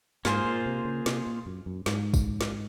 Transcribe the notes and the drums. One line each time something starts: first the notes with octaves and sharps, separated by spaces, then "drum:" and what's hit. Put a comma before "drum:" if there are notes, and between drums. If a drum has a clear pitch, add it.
G#2 A#3 F4 G#4 C5, drum: snare
A#2
C3
C#3
C3, drum: snare
A#2
F#2
F#2
G#2, drum: snare
drum: kick, tambourine
drum: snare